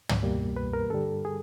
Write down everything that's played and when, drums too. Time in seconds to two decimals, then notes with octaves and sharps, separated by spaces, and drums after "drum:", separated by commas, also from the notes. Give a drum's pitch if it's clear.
0.09 drum: tom
0.23 E2 B2 G3 A#3
0.56 B4
0.73 A#4
0.90 G2 D3 G3 A4
1.25 G#4